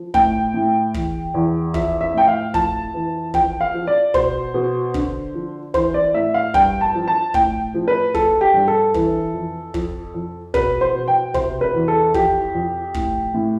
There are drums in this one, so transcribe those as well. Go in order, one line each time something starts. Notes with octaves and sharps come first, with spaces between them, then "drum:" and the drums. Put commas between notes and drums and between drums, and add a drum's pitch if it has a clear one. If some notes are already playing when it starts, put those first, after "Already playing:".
Already playing: F3
A2 G5, drum: kick
A2
E2, drum: kick
E2
F3 E5, drum: kick
E5
A2 G5
F5
F2 A5, drum: kick
E3
F3 G5, drum: kick
F5
F3
D5
B2 C5, drum: kick
B2
D3, drum: kick
F3
E3 C5, drum: kick
D5
A2 E5
F5
G2 G5, drum: kick
A5
F3
A5
A2 G5, drum: kick
F3
B4
F3 A4, drum: kick
G4
G2
A4
E3, drum: kick
F2
F2, drum: kick
F2
B2 B4, drum: kick
C5
B2
G5
C3 C5, drum: kick
B4
E2
A4
F2 G4, drum: kick
F2
A2, drum: kick
A2